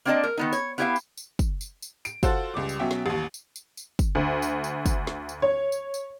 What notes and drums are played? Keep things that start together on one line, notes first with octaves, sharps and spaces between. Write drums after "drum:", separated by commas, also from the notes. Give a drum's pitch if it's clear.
A#3 C4 D4 D5 D#5 A5
A#4
D#3 B3 D#4
C#5, drum: tambourine
B3 E4 G4 C#5 E5 F5
drum: tambourine
drum: tambourine
drum: kick, tambourine
drum: tambourine
drum: tambourine
D7, drum: tambourine
F4 F#4 A4 C5 F#5 A5, drum: kick, tambourine
C#2 G3 D6
drum: tambourine
B2 F#3 C#4 E5 G5
drum: snare
A1 D#2
drum: tambourine
drum: tambourine
drum: tambourine
drum: kick, tambourine
D2
drum: tambourine
drum: tambourine
drum: kick, tambourine
drum: snare
drum: tambourine
C#5
drum: tambourine
drum: tambourine